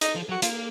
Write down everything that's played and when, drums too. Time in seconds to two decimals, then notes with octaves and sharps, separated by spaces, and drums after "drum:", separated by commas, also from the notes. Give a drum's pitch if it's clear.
0.01 D#4, drum: hi-hat
0.16 F3
0.29 F#3 F#4
0.42 A#3 F4, drum: hi-hat